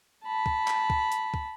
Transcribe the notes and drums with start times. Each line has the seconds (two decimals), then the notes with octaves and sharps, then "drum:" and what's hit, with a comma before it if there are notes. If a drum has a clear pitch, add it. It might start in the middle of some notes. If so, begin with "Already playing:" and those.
0.24 A5 B5
0.46 drum: kick
0.68 drum: clap
0.90 drum: kick
1.12 drum: hi-hat
1.34 drum: kick